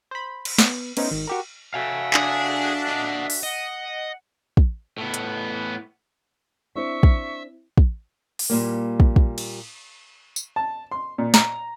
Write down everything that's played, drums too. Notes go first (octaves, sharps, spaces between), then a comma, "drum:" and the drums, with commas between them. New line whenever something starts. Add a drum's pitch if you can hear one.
C5 B5
drum: cymbal
B3, drum: snare
A3 B3 C#4 D#4 C5, drum: cymbal
G#1 D#3
F#4 G4 A#4
F#4 A4 E5 F5 G#5
D4 G#4, drum: clap
D#5 F#5
drum: open hi-hat
D#5 F#5
drum: kick
A2 B3
drum: hi-hat
C4 D4 E4 C5 E5 C#6 E6
drum: kick
drum: kick
drum: open hi-hat
A#2 G3 A#3
drum: kick
drum: kick
drum: cymbal
drum: tambourine
A5
C6
A#2
A#5, drum: snare